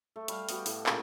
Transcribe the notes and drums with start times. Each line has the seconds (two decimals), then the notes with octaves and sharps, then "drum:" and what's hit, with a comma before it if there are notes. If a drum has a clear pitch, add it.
0.16 A3
0.28 G3 F5, drum: hi-hat
0.49 B3 F#4 G4, drum: open hi-hat
0.66 A2 A5, drum: open hi-hat
0.86 A#2 C#3, drum: clap